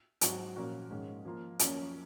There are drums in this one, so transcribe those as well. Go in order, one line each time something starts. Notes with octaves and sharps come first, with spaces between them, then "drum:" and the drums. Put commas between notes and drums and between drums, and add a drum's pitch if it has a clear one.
G#2 F#3 C4 F#4, drum: hi-hat
A#2 F3 A#3 C#4 F#4
G#2 D#3 G#3 C#4
F3 A#3 F4
F#2 F3 A#3 C#4, drum: hi-hat